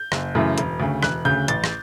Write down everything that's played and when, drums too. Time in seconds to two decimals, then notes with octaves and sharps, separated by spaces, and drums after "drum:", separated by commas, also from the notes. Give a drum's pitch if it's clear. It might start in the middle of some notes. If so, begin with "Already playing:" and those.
Already playing: G6
0.12 F#1, drum: rim click
0.35 F#2 C#3 E3 A3
0.58 E1, drum: hi-hat
0.80 D2 C#3
1.03 E1 F#6, drum: rim click
1.25 D2 C#3 G6
1.48 A1 A6, drum: hi-hat
1.64 drum: rim click